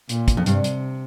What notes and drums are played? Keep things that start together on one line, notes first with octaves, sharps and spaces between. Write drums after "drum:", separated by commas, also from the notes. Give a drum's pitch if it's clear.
A#2, drum: hi-hat
drum: kick, hi-hat
F2
G2 C3, drum: hi-hat
drum: hi-hat